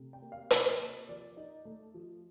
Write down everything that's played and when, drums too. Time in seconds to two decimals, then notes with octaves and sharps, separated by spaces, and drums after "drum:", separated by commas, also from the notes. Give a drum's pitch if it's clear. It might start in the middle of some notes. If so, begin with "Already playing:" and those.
Already playing: C3 A3
0.13 G5
0.22 A#3
0.32 F5
0.51 C3 D#5, drum: hi-hat
0.80 A#3
1.09 F3 D5
1.37 D#4
1.65 A3
1.94 F3